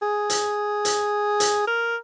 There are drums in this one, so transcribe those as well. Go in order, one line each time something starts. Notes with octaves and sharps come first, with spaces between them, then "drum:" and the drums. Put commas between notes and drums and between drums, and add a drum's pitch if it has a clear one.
G#4
drum: hi-hat
drum: hi-hat
drum: hi-hat
A#4